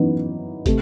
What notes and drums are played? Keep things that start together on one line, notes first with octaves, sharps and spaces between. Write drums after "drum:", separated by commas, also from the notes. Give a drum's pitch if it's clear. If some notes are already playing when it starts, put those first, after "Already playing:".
Already playing: F#2 E3 B3 D#4
C3 A3, drum: kick, hi-hat